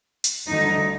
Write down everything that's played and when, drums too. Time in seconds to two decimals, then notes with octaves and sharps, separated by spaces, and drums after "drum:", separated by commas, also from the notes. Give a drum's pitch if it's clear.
0.24 drum: hi-hat
0.49 D2 D3 G3 D#4